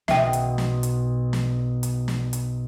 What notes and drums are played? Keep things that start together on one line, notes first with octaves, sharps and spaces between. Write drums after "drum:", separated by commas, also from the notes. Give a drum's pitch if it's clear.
B1 B2 F#4 E5 G5, drum: snare
drum: hi-hat
drum: snare
drum: hi-hat
drum: snare
drum: hi-hat
drum: snare
drum: hi-hat